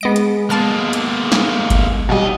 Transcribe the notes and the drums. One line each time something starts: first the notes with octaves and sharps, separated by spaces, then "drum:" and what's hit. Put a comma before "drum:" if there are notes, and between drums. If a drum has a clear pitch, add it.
G#3 B3 D#5 D7
drum: hi-hat
G#3 A#3 B3 A5 F6
drum: hi-hat
drum: snare
drum: kick G1, hi-hat
D#2 B2 G3 D#5